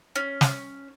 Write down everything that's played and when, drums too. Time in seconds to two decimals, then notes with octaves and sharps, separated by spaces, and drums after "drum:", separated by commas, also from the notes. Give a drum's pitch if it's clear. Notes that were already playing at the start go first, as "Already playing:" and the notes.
0.16 C#4
0.41 drum: snare